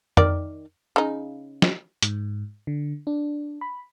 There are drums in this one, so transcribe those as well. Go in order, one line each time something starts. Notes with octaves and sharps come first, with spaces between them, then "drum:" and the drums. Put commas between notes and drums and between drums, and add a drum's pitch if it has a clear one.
D#3 A#4 D5, drum: tom F2
C#3 D#4
drum: snare
G#2, drum: hi-hat
D3
D4
B5